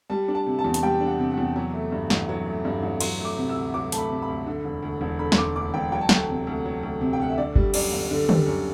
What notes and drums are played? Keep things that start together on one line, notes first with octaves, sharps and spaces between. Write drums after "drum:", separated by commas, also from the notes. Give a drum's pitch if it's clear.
G3 A5
D4
A5
C3
A5
E2
A5, drum: hi-hat
G3 G5
D4
F#5
C3
F#5
E2
F#3
A3
G2
A1, drum: snare
F#3
A3
G2
A1
F#3 C6, drum: cymbal
A3
D6
C3
E6
D2
F#3 D6
A3 A5, drum: hi-hat
B5
C3
B5
D2
D3
E1
D2
E1
D3 B5
C6, drum: snare
E1 D6
D2 D6
E1 G5
F#3 G5
A5
D2 G5, drum: snare
C3
D2
F#3
D2
C3
G5
D2 F#5
E5
D3 D5
G3, drum: kick G1
F#2 D5, drum: cymbal
G1
D3
G3, drum: tom
F#2